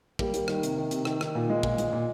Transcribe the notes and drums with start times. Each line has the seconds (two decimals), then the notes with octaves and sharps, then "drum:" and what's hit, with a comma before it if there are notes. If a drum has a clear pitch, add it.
0.19 G3 A#3, drum: kick
0.34 G3, drum: hi-hat
0.48 D#3, drum: rim click
0.63 C3, drum: hi-hat
0.78 D#3
0.91 C3, drum: hi-hat
1.05 D#3, drum: rim click
1.21 D#3, drum: rim click
1.35 A#2
1.50 G#3
1.63 A#2, drum: kick
1.78 G#3, drum: hi-hat
1.93 A#2